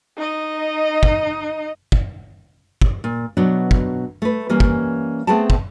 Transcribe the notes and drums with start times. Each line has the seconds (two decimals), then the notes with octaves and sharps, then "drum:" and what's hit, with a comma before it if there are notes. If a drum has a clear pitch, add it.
0.17 D#4 D#5
1.03 drum: kick
1.92 drum: kick
2.82 drum: kick
3.04 A#2
3.37 B2 F#3 B3 D4 C#5
3.71 drum: kick
4.22 A3 B4
4.49 E3 G3 A#3 C#4
4.60 drum: kick
5.27 A3 B3 C4 G#4 G5 A5
5.50 drum: kick